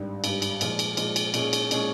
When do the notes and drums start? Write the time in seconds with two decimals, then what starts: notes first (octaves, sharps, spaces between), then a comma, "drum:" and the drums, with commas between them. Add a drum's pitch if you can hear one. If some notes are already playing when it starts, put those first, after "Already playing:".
Already playing: G#1 G2 G3
0.24 G#1 G2 G3, drum: cymbal
0.42 drum: cymbal
0.61 A#2 F3 G#3, drum: cymbal
0.79 drum: cymbal
0.97 A#2 F3 G#3, drum: cymbal
1.16 drum: cymbal
1.34 A#2 G#3 C#4 G#4, drum: cymbal
1.53 drum: cymbal
1.71 A#2 G#3 C#4 G#4, drum: cymbal